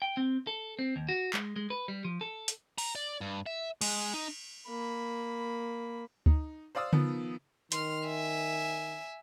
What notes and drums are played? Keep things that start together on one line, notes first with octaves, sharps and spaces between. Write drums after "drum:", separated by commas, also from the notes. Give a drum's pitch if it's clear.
G5
C4
A4
C4
D#2
F#4
G#3, drum: clap
G#3
B4
G3
F3
A4
drum: hi-hat
A#5, drum: open hi-hat
D5
G2
E5
G#3, drum: cymbal
D#4
A#3 B5
D#4, drum: kick D2
C5 D5 F5 D#6 E6
D#3 F3 B3, drum: tom C#3
D#3 C6 F6, drum: hi-hat
E5 G#5